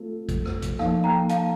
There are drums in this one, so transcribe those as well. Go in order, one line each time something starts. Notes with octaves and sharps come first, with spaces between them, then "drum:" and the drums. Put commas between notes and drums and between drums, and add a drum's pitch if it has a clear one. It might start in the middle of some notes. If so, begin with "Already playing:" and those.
Already playing: A3 C4 F4 A4
drum: kick, hi-hat
drum: rim click
drum: kick, hi-hat
F3 A#3 D#4 A4 F5 A5, drum: rim click
G5 A#5
F5 A5, drum: hi-hat